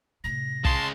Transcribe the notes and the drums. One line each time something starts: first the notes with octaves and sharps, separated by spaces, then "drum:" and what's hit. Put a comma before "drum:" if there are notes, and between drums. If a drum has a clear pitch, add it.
A2 C3 A#6
C#3 G#3 A5 C6, drum: kick